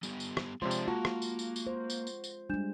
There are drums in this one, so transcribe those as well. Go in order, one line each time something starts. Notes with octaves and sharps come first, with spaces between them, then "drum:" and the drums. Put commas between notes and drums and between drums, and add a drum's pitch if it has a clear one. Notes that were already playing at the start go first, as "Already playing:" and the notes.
G3 B3 G4, drum: tambourine
drum: tambourine
drum: rim click
C3 F3 G#3 D4 C#5 D5 C6
drum: tambourine
A#3 F4 F#4 A5
drum: rim click
drum: tambourine
drum: tambourine
drum: tambourine
C5
drum: tambourine
drum: tambourine
drum: tambourine
G3 G#3 D4 G6 E7